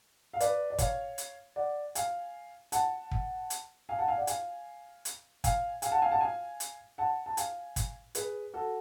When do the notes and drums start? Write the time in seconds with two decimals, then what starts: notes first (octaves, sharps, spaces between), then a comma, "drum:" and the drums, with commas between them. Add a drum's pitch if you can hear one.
0.34 F5
0.40 B4 D5, drum: hi-hat
0.70 D5
0.78 C#5 F5, drum: kick, hi-hat
1.18 drum: hi-hat
1.56 D5 F#5
1.95 F5 G#5, drum: hi-hat
2.72 F#5 A5, drum: hi-hat
3.11 drum: kick
3.50 drum: hi-hat
3.89 F5 G#5
3.99 F#5 A5
4.08 F5 G#5
4.17 D5 F#5
4.27 F5 G#5, drum: hi-hat
5.05 drum: hi-hat
5.44 F5 G#5, drum: kick, hi-hat
5.82 F5 G#5, drum: hi-hat
5.92 F#5 A5
6.02 F5 G#5
6.11 F#5 A5
6.21 F5 G#5
6.60 drum: hi-hat
6.98 F#5 A5
7.26 A5
7.37 F5 G#5, drum: hi-hat
7.76 drum: kick, hi-hat
8.15 G#4 B4, drum: hi-hat
8.54 F#4 A4